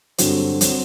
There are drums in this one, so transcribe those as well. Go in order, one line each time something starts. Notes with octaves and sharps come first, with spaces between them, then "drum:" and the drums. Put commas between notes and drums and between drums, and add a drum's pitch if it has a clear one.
G2 D3 F#3 C4 F#4, drum: hi-hat
F#3 C4, drum: hi-hat